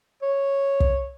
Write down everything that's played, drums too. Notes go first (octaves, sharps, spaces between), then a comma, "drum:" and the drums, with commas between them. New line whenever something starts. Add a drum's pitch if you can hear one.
C#5
drum: kick